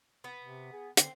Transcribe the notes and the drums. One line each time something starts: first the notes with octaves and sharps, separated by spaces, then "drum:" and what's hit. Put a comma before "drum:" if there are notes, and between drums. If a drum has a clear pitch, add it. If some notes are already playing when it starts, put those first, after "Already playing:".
B3
C3
G#4
D3 C4, drum: hi-hat